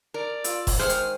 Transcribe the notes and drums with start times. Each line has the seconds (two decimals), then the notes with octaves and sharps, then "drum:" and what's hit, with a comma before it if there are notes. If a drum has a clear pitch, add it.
0.14 A#4 D5
0.44 F4 E6, drum: hi-hat
0.67 drum: kick F1, open hi-hat
0.79 D#3 G#3 C5 F#5 F6
0.89 drum: hi-hat